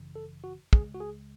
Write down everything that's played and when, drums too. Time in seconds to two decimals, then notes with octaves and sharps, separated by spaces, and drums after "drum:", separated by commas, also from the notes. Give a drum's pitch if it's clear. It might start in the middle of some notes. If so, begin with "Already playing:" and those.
Already playing: G#1 F#2 C#3 E3
0.16 A4
0.44 F#4
0.73 C#2 C#3 G#3 G#4, drum: kick
0.94 F#4
1.00 G#4